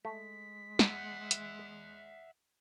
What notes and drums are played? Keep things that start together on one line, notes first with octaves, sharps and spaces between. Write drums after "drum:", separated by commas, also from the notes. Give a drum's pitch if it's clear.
G#3 A3 B6
E5 F#5, drum: snare
drum: hi-hat